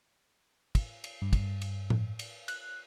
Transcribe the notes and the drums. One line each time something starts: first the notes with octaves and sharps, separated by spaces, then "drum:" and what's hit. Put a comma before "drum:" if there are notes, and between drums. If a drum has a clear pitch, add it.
drum: kick, cymbal
drum: cymbal
G2
drum: kick, cymbal
drum: cymbal
drum: tom A2
drum: cymbal
F#6, drum: cymbal